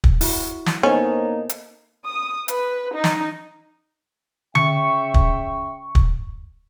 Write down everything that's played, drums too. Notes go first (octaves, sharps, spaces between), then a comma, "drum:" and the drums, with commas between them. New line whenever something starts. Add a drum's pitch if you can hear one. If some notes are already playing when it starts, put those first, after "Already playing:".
drum: kick
E4 F#4, drum: open hi-hat
drum: snare
A#3 B3 C#4 D#4 A4 C5 C#5
drum: hi-hat
D#6
B4, drum: hi-hat
D#4
drum: snare
C#3 E5 G5 C#6, drum: tom D3
drum: kick
drum: kick